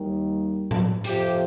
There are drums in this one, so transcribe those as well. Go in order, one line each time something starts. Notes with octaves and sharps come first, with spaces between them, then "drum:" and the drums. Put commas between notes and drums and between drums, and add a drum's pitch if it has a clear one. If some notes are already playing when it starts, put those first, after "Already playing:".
Already playing: D#2 D#3 G3
drum: tom A2
F2 C3 F3 G4, drum: hi-hat